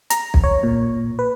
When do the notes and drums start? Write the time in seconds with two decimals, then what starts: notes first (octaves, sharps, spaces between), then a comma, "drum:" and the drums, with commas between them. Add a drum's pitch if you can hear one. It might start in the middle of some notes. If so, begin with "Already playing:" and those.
0.10 A#5, drum: hi-hat
0.34 drum: kick B1
0.44 C#5
0.63 A#2
1.19 B4